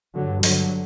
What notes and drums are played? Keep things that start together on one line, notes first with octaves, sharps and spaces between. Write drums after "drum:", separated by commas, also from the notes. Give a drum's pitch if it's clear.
G2 D3 F#3
D3 F#3, drum: open hi-hat